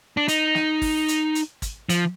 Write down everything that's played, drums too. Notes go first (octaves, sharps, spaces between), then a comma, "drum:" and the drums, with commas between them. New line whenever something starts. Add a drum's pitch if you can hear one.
D4
D#4, drum: hi-hat
drum: snare
drum: kick, open hi-hat
drum: hi-hat
drum: hi-hat
drum: kick, hi-hat
F3, drum: hi-hat